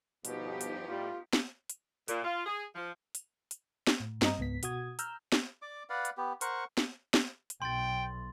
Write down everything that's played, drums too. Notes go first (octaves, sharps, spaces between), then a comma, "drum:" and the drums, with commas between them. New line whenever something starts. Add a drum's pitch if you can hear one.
G1 B2 F3 B3 D#4 G4, drum: hi-hat
drum: hi-hat
A2 G3 F4
drum: snare
drum: hi-hat
A#2, drum: hi-hat
F4
G#4
F3
drum: hi-hat
drum: hi-hat
drum: snare
A2
G2 C4 D#5 A#5, drum: snare
C#2 G#2 B3 B6
B2 F#4 D#6 G#6, drum: hi-hat
A#5 E6 F6 G6, drum: hi-hat
drum: snare
D5 D6
B4 D5 F5 F#5
drum: hi-hat
B3 G4
A#4 C5 F#5 C#6, drum: hi-hat
drum: snare
drum: snare
drum: hi-hat
B1 G5 C6 A6